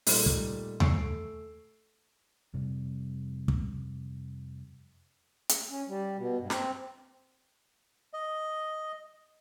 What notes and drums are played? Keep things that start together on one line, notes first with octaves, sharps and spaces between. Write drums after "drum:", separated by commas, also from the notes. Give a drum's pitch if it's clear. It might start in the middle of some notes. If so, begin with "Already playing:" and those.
A#2 G3 A3 D#4, drum: open hi-hat
drum: kick
G#5 C#6 E6 C7 D7, drum: tom D#2
A3
F2 C3 G3
drum: kick
drum: hi-hat
C#4
G3
B2
G2
C4, drum: snare
D#5